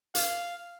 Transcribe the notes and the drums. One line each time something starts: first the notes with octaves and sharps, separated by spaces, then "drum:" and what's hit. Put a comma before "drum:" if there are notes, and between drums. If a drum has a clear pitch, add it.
F5, drum: hi-hat